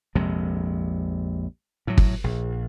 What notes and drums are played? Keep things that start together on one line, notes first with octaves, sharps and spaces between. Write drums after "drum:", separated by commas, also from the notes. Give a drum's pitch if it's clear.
A#1 F2 C3 G#3
A2 F#3
drum: kick
A#1